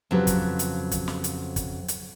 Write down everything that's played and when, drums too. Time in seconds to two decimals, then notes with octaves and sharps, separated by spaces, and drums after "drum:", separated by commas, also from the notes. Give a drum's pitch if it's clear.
0.11 F2 C#3 F#3 G4 B4
0.27 drum: kick, hi-hat
0.59 drum: hi-hat
0.91 drum: kick, hi-hat
1.08 drum: snare
1.24 drum: hi-hat
1.56 drum: kick, hi-hat
1.88 drum: hi-hat